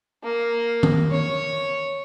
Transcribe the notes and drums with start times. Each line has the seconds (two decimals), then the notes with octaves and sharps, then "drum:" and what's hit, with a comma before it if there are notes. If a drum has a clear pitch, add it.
0.23 A#3
0.83 drum: tom D#3
1.11 C#5